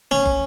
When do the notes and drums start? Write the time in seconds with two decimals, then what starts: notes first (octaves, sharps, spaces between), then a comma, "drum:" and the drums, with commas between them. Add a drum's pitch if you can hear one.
0.11 C#4
0.26 drum: kick